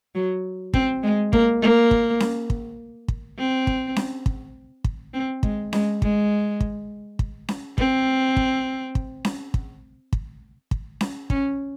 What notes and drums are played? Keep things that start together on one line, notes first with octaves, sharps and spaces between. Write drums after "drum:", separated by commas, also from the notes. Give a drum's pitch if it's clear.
F#3
C4, drum: kick
G#3
A#3, drum: kick
A#3
drum: kick
drum: snare C#4
drum: kick
drum: kick
C4
drum: kick
drum: snare C#4
drum: kick
drum: kick
C4
G#3, drum: kick
G#3, drum: snare C#4
G#3, drum: kick
drum: kick
drum: kick
drum: snare C#4
C4, drum: kick
drum: kick
drum: kick
drum: snare C#4
drum: kick
drum: kick
drum: kick
drum: snare C#4
C#4, drum: kick